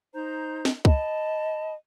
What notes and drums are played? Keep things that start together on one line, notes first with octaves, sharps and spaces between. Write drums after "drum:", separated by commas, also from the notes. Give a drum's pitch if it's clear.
D#4 C5 A#5 G6
drum: snare
D#5 A5 B5, drum: kick